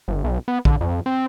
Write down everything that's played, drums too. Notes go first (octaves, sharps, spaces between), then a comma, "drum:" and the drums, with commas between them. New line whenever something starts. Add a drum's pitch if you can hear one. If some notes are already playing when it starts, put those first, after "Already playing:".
G1
B1
B3
D3, drum: kick A#1
F2
C4